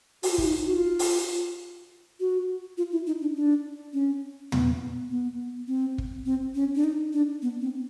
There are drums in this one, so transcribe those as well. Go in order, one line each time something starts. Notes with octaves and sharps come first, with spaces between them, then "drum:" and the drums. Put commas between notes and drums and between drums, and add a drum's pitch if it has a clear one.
F#4, drum: open hi-hat
F4
E4, drum: kick
D#4
F#4
F4
drum: open hi-hat
F#4
F4
E4
D#4
D4
D4
C#4
B3, drum: tom
B3
C4
drum: kick
C4
C#4
D4
D#4
D4
B3
C4